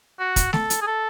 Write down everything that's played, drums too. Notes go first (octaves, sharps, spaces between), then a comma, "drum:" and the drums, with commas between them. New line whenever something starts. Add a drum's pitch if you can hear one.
F#4
drum: kick, hi-hat
A4, drum: snare
drum: hi-hat
G#4
A4